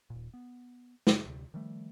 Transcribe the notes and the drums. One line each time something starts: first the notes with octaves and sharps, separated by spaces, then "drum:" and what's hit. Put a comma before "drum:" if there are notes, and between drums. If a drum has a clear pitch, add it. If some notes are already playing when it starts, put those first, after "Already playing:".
D#1 A#2
B3
drum: snare
D2 C3
D#3 F3 G3 A3